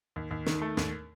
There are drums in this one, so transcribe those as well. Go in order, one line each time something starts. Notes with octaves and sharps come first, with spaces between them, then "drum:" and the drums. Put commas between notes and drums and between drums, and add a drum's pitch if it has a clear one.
D#2
D#2
D#3, drum: snare
A3
D#2, drum: snare